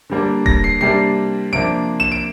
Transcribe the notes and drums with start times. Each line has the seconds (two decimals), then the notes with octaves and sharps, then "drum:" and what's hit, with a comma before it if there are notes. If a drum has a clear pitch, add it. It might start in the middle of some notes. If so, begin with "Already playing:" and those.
0.10 D3 G3 A#3 D4
0.46 A#6, drum: kick D#1
0.64 C7
0.81 C3 G3 A#3 D4 C7
1.53 C3 F3 A#3 D4 D7
2.00 E7
2.12 D7